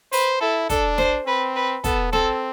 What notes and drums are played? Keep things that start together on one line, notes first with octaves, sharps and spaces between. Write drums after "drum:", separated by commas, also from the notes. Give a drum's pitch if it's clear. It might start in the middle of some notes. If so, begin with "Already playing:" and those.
B4 C5, drum: open hi-hat
E4 A4
D4 A4, drum: kick, hi-hat
C5, drum: snare
C4 B4
B4
B3 A4, drum: kick, hi-hat
C4 A4, drum: snare